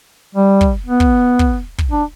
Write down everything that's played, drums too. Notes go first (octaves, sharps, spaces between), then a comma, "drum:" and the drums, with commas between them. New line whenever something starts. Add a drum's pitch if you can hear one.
G3
drum: kick
B3
drum: kick
drum: kick
drum: kick
D4